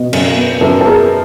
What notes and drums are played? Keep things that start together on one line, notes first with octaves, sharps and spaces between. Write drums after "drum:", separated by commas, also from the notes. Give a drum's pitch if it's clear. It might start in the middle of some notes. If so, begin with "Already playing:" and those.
Already playing: B2
F#2, drum: cymbal
B3
F#2 A4 B4
A4
B3 G#4 A#4